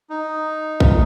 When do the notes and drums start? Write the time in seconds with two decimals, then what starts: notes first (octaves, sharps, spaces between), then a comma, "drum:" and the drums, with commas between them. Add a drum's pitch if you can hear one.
0.10 D#4
0.80 drum: kick A#1